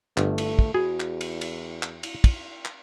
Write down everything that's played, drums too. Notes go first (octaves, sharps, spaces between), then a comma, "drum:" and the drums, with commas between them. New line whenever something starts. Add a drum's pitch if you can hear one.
G1 A3, drum: clap
drum: cymbal
drum: kick
E2 F#4 G#4
drum: clap
drum: cymbal
drum: cymbal
drum: clap
drum: cymbal
drum: kick, cymbal
drum: clap